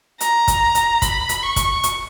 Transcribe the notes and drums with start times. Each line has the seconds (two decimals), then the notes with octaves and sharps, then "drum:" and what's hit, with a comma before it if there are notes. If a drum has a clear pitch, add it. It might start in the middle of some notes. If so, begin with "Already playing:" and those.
0.20 A#5, drum: hi-hat
0.48 drum: kick, hi-hat
0.75 drum: hi-hat
1.02 B5, drum: kick, hi-hat
1.29 drum: hi-hat
1.43 C#6
1.56 drum: kick, hi-hat
1.83 drum: hi-hat